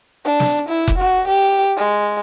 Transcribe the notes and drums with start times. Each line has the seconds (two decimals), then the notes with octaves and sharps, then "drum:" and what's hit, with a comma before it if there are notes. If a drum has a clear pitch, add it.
0.25 D4
0.40 drum: snare
0.69 E4
0.88 drum: kick F1
0.98 F#4
1.28 G4
1.77 G#3